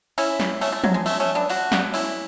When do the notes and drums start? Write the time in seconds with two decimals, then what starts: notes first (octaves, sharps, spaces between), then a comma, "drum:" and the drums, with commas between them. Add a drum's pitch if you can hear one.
0.18 C#4 E4, drum: cymbal
0.40 drum: snare
0.61 A3 C#4, drum: cymbal
0.72 A3
0.84 F#3, drum: tom
0.94 G#3
1.06 A3, drum: cymbal
1.20 A3 C#4
1.35 B3 D4
1.49 D4 F#4, drum: cymbal
1.72 drum: snare
1.94 C#4 E4, drum: cymbal